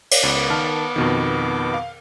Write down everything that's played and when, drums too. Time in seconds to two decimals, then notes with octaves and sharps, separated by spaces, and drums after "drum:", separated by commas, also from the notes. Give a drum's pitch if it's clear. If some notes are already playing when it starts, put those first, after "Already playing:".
0.11 drum: cymbal
0.23 C#2 B3 D6
0.50 D#3 A5 F6
0.96 F2 B2 D#3
1.74 F5